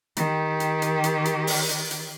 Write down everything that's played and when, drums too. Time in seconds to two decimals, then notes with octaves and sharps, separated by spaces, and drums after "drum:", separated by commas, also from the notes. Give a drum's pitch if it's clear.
0.17 D#3 G4, drum: hi-hat
0.60 drum: hi-hat
0.82 drum: hi-hat
1.04 drum: hi-hat
1.25 drum: hi-hat
1.47 drum: open hi-hat
1.69 drum: hi-hat
1.91 drum: hi-hat